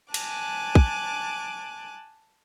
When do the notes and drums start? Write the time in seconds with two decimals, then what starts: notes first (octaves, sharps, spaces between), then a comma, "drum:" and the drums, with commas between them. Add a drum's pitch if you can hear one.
0.14 G#5 A5 D6 F#6, drum: cymbal
0.75 drum: kick